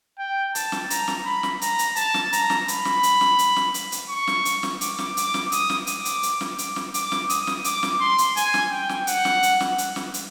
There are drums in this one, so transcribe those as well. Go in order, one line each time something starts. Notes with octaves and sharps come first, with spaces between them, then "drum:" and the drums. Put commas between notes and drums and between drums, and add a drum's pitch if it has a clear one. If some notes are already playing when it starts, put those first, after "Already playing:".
G5
A5, drum: hi-hat
drum: snare
A#5, drum: hi-hat
drum: snare
B5
drum: snare
A#5, drum: hi-hat
drum: hi-hat
A5, drum: hi-hat
drum: snare
A#5, drum: hi-hat
drum: snare
B5, drum: hi-hat
drum: snare
drum: hi-hat
drum: snare
drum: hi-hat
drum: snare
drum: hi-hat
drum: hi-hat
C#6
drum: snare
drum: hi-hat
drum: snare
D6, drum: hi-hat
drum: snare
D6, drum: hi-hat
drum: snare
D#6, drum: hi-hat
drum: snare
D6, drum: hi-hat
drum: hi-hat
drum: hi-hat
drum: snare
drum: hi-hat
drum: snare
D6, drum: hi-hat
drum: snare
D#6, drum: hi-hat
drum: snare
D6, drum: hi-hat
drum: snare
C6
drum: hi-hat
G#5, drum: hi-hat
drum: snare
G5
drum: snare
F#5, drum: hi-hat
drum: snare
drum: hi-hat
drum: snare
drum: hi-hat
drum: snare
drum: hi-hat